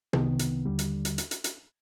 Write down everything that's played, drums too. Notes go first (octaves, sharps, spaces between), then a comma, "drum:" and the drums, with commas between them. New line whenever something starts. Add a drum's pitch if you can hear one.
C2 C3 D#3 B3, drum: tom
drum: hi-hat
D#2 D3 G3
drum: hi-hat
drum: hi-hat
drum: hi-hat
drum: hi-hat
drum: hi-hat